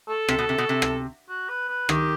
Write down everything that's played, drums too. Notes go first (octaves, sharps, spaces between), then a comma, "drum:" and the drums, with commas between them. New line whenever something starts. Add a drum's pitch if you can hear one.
A4
C3, drum: rim click
B2
C3
B2
C3
drum: rim click
F#4
B4
B4
D#3 G4, drum: rim click